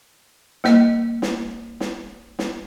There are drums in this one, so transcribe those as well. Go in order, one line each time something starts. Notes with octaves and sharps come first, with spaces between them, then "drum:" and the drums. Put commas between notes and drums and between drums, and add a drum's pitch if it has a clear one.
G3 A#3 D#5, drum: snare
drum: snare
drum: snare
drum: snare